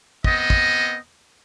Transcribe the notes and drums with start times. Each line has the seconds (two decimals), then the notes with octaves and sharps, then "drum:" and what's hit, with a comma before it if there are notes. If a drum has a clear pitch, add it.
0.24 B3 C4 D#5, drum: kick
0.50 drum: kick